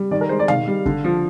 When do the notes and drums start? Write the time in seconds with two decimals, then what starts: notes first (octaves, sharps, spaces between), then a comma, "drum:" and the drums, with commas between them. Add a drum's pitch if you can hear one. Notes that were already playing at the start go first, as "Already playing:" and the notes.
Already playing: G3
0.11 D#3 D5
0.21 A#4
0.29 G#3 C5
0.39 D5
0.48 D#3 F5, drum: tom
0.67 G3
0.86 D3, drum: kick
1.04 F3